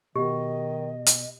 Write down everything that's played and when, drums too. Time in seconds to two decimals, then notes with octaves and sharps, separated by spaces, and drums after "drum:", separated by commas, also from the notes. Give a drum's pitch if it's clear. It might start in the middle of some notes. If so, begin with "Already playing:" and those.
0.16 B2 D#3 B3 G4 D#5
1.07 drum: hi-hat